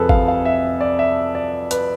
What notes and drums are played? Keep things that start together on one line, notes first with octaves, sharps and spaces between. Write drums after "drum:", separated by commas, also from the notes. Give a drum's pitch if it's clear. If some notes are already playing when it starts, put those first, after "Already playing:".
Already playing: F2 C3 F3 G#4 A4 B4
F5, drum: kick G#1
F5
E5
D5
E5
D5
B4, drum: hi-hat